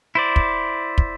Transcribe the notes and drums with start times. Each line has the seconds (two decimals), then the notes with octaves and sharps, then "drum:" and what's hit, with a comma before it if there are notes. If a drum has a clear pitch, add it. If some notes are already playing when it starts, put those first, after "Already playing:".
0.15 E4 C5 D5
0.36 drum: kick
0.98 drum: kick